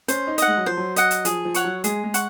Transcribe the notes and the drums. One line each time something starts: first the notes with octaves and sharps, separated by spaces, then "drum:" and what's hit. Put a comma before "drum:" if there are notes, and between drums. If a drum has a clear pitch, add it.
C#4 C5, drum: hi-hat
D#4
D#5 F#5, drum: hi-hat
G#3
F#3
F3 C5
F#3
D#5 F#5, drum: hi-hat
drum: hi-hat
F3 G#4, drum: hi-hat
F3
C#5 F#5 C#6, drum: hi-hat
F#3
G#3 G#4, drum: hi-hat
G#3
F#5 C#6, drum: hi-hat